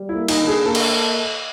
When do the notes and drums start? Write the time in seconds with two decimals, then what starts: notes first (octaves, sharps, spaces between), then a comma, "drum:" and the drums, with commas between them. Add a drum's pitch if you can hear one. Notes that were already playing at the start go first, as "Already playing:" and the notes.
Already playing: G3
0.09 E4
0.15 A#3
0.28 D#4, drum: cymbal
0.40 D3
0.47 G#4
0.66 A#3 A4
0.75 drum: cymbal